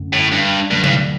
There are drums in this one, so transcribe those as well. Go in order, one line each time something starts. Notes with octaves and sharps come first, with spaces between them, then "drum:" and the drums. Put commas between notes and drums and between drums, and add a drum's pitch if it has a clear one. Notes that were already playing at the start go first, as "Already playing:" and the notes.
Already playing: F#2 D3 A3 C#4
A2
G2
D2 G2 D3 F#3 A3
G2, drum: tom C3